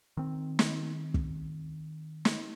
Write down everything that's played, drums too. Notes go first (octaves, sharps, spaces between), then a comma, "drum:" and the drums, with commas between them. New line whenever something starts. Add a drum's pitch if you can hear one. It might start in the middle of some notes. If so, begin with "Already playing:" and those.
D#3 C4
drum: snare
drum: kick
drum: snare